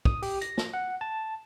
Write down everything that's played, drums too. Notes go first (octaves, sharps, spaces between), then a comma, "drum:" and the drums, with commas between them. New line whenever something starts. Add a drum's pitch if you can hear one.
D#6, drum: kick
G4, drum: open hi-hat
A#6, drum: hi-hat
drum: snare
F#5
A5